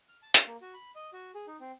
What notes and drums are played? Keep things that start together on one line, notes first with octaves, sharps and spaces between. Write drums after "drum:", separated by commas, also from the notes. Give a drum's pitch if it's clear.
F6
A5
F5, drum: hi-hat
A#3
F#4
B5
D#5
F#4
G#4
D#4
C4